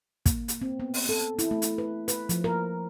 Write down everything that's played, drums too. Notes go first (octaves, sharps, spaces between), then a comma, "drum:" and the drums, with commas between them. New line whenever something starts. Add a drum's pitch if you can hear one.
A#3, drum: kick, hi-hat
drum: hi-hat
C4
B3
drum: open hi-hat
A4
E4, drum: hi-hat
A3
drum: hi-hat
B4
B4, drum: hi-hat
F3, drum: hi-hat
A#4